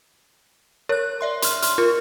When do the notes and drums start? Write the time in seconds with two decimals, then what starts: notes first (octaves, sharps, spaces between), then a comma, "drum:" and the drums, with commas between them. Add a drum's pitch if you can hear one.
0.89 A#4 C#5 F#6
1.21 D5 E5 C6
1.42 C6 F6, drum: hi-hat
1.62 C6 F6, drum: hi-hat
1.78 F4 A#4